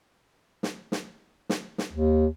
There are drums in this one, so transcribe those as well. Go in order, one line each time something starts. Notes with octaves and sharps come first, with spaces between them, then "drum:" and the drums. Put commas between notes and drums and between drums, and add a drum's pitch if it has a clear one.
drum: snare
drum: snare
drum: snare
drum: snare
D#2